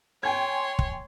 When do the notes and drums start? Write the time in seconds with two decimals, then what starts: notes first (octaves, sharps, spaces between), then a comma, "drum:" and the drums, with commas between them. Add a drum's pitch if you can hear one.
0.23 C#5 G5 G#5 C6 G#6
0.79 drum: kick